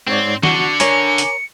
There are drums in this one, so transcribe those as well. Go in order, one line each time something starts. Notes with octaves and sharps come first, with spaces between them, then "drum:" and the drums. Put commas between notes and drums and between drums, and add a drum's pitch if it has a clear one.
G#2 C4 C#5 D5
D3 F#4 C#7, drum: snare
A#4 C#5 G#5 D6, drum: hi-hat
drum: hi-hat